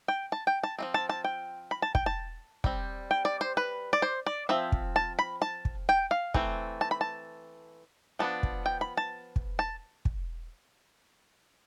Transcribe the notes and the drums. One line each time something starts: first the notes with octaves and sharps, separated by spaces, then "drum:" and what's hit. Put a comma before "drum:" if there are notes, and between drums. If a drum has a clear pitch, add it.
G5
A5
G5
A5
F3 A3 C4
A5
A5
G5
B5
A5
G5, drum: kick
A5
G3 C4, drum: kick
G5
D5
C5
B4
D5
C5
D5
F3 C4 E5
drum: kick
A5
B5
A5
drum: kick
G5
F5
E3 A3 C4, drum: kick
A5
B5
A5
F3 B3 D4 A5
drum: kick
G5
B5
A5
drum: kick
A5
drum: kick